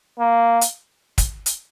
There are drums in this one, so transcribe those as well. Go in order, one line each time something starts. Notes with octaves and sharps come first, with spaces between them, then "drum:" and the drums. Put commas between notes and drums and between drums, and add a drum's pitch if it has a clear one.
A#3
drum: hi-hat
drum: kick, hi-hat
drum: hi-hat